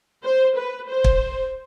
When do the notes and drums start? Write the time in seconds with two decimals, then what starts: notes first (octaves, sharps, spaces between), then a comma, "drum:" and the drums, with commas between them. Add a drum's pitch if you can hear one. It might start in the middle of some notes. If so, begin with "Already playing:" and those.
0.22 C5
0.55 B4
0.88 C5
1.04 drum: kick